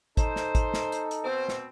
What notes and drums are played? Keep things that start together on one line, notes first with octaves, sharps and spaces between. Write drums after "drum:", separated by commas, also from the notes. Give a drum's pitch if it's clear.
D#4 A4 C5, drum: kick G#1, hi-hat
drum: snare
drum: kick G#1, hi-hat
drum: snare
drum: hi-hat
drum: hi-hat
B2 C4 C5
drum: snare